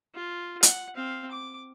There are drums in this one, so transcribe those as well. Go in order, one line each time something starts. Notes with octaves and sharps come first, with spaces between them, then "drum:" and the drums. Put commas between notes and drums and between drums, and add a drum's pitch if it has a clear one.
F4
F#5, drum: hi-hat
C4 F5
D6